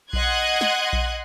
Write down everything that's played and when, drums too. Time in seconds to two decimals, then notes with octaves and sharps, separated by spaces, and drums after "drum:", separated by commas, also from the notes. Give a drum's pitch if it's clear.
0.13 D#5 F#5 C6 F#6 G#6, drum: kick A#1
0.61 drum: snare
0.93 drum: kick A#1